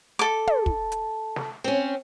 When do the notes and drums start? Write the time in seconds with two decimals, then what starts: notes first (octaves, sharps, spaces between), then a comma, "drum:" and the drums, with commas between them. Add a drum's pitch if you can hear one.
0.19 A4 D6
0.47 drum: tom
0.66 drum: kick
0.92 drum: hi-hat
1.36 drum: snare
1.64 C4 C#4